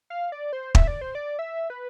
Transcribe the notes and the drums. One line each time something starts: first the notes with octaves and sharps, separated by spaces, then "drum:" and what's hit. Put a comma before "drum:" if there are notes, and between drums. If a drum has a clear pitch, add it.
F5
D5
C5
E5, drum: kick
D5
C5
D5
E5
B4